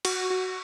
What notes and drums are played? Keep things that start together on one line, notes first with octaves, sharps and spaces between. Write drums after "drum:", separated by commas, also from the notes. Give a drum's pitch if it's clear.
F#4, drum: cymbal
F#4